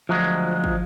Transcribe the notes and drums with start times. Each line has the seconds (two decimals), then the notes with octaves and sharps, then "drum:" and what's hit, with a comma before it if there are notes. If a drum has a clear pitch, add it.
0.09 D2 F3 F#3 G#3
0.64 drum: kick